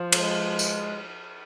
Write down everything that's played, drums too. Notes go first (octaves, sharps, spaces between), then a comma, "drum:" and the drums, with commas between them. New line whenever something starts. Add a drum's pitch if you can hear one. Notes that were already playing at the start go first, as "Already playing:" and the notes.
Already playing: F3
G#3, drum: cymbal
drum: tambourine